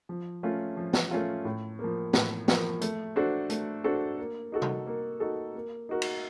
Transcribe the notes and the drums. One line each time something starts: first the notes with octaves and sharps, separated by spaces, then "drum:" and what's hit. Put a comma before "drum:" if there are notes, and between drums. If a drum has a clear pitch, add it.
F3
A3 C#4 F4
F3
drum: snare
A3 C#4 F4
A2
F3 A#3
A2, drum: snare
F3 A#3, drum: snare
A3, drum: hi-hat
D4 F#4 A4 C5
A3, drum: hi-hat
D4 F#4 A4 C5
A#3
D#4 F#4 A4
drum: tom C3
A#3
D#4 F#4 A4
A#3
D#4 F#4 A#4
drum: cymbal